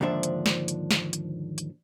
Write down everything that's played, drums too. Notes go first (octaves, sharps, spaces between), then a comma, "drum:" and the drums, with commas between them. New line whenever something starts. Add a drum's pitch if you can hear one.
D#2 G#2 D3 F3 D4 E5
drum: hi-hat
drum: snare
drum: hi-hat
drum: snare
drum: hi-hat
drum: hi-hat